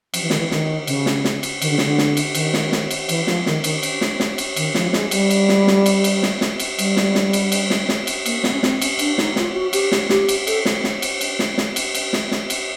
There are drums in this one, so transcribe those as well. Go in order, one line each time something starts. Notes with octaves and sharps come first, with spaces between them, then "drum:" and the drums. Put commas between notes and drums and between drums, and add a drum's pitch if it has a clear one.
F3, drum: cymbal
E3
D#3, drum: snare
E3
D#3, drum: snare
C#3, drum: cymbal
drum: snare
drum: snare
drum: cymbal
D#3, drum: cymbal
D3
C#3, drum: snare
D3
drum: snare
drum: cymbal
D#3, drum: cymbal
drum: snare
drum: snare
drum: cymbal
E3, drum: cymbal
F3, drum: snare
D#3, drum: snare
D#3, drum: cymbal
drum: cymbal
drum: snare
drum: snare
drum: cymbal
D#3, drum: cymbal
F3, drum: snare
G#3, drum: snare
G3, drum: cymbal
drum: cymbal
drum: snare
drum: snare
drum: cymbal
drum: cymbal
drum: snare
drum: snare
drum: cymbal
G3, drum: cymbal
drum: snare
drum: snare
drum: cymbal
drum: cymbal
drum: snare
drum: snare
drum: cymbal
A#3, drum: cymbal
B3, drum: snare
C#4
C4, drum: snare
C#4, drum: cymbal
D4, drum: cymbal
D#4, drum: snare
F4, drum: snare
F#4
G4, drum: cymbal
drum: snare
G4, drum: snare
drum: cymbal
A4, drum: cymbal
drum: snare
drum: snare
drum: cymbal
drum: cymbal
drum: snare
drum: snare
drum: cymbal
drum: cymbal
drum: snare
drum: snare
drum: cymbal